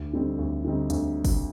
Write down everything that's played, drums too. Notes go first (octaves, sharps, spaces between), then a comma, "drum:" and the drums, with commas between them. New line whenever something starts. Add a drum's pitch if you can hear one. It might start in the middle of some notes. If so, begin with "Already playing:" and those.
Already playing: D2
D3 G3 C4 D#4
D2
D3 G3 C4 D#4
D2, drum: hi-hat
drum: kick, open hi-hat